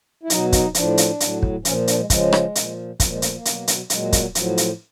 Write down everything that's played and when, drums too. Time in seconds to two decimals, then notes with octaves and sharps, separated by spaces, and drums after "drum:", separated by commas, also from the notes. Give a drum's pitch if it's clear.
0.23 E4
0.30 B2 F#3 D#4, drum: hi-hat
0.52 D#4, drum: kick, hi-hat
0.74 A2 F3 D4, drum: hi-hat
0.98 drum: hi-hat
1.20 A2 F#3, drum: hi-hat
1.43 drum: kick
1.65 A#2 F3 C#4, drum: hi-hat
1.87 D4, drum: hi-hat
1.99 G#3
2.10 C#3 F3 G#3, drum: kick, hi-hat
2.33 drum: rim click
2.55 A#2 F3, drum: hi-hat
3.00 A#2 F#3, drum: kick, hi-hat
3.05 F3
3.11 G#3
3.22 A3, drum: hi-hat
3.34 A#3
3.45 B2 F#3, drum: hi-hat
3.68 drum: hi-hat
3.90 A#2 F#3 G#3, drum: hi-hat
4.12 drum: kick, hi-hat
4.35 A2 F3 F#3, drum: hi-hat
4.57 drum: hi-hat